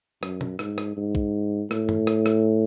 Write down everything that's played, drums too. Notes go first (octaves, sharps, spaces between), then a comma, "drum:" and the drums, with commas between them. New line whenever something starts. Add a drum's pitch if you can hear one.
F#2, drum: rim click
drum: tom
G#2, drum: rim click
drum: rim click
G#2
drum: kick
A2, drum: rim click
drum: tom
drum: rim click
drum: rim click